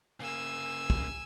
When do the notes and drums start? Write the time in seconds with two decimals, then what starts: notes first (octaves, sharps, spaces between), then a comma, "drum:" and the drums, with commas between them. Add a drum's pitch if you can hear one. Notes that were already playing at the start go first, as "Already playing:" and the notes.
0.20 C#3 A#3 G#5 E6
0.90 drum: kick